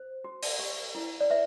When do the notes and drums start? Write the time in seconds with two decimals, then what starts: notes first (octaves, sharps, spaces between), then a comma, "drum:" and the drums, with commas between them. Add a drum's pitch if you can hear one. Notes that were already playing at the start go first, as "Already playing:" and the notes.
Already playing: C5
0.24 F#4
0.43 drum: open hi-hat
0.59 G4
0.95 E4
1.20 D5
1.30 B4 E5